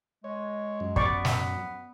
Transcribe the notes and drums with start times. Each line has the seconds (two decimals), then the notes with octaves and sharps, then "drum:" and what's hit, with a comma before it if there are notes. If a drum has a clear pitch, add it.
0.24 G#3 C#5
0.80 F#2
0.96 B3 D5 C#6, drum: kick
1.25 drum: snare